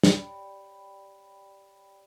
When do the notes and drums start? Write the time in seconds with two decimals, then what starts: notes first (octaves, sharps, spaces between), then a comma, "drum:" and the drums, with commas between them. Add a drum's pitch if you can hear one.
0.03 G4 C#5 D5 G5 B5, drum: snare